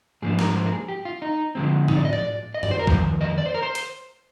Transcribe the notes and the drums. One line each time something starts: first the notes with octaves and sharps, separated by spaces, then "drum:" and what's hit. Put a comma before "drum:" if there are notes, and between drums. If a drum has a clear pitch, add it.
G#2 F3 A#3 D4 G#4
A#4, drum: snare
C5
A#4
G#4
G4
F4
D#4
D3 F3 G#3 C4
D#4, drum: tom A2
D5
D#5
D5, drum: tom A2
D#5
D5, drum: tom F#2
C5
A#4
F2 D#3 C5, drum: kick
D#5
D5
C5
A#4
C5
drum: hi-hat